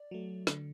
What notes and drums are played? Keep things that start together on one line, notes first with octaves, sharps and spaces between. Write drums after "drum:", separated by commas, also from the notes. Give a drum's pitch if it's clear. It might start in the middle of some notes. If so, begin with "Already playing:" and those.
Already playing: D5
F#3 A3
D3, drum: snare